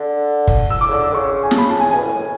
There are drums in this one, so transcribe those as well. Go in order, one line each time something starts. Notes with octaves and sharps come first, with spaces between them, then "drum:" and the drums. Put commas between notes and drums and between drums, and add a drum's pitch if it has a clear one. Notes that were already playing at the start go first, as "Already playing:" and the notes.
Already playing: D3
drum: kick
E6
D6
C#3
D3 D6
E6
C#3 C#6
G#5
A5, drum: snare
B5
A5
G#5
B2 G#5
A2